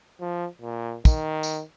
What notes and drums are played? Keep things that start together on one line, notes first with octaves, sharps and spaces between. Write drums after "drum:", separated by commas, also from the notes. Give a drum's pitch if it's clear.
F3
A#2
D#3, drum: kick, tambourine
drum: tambourine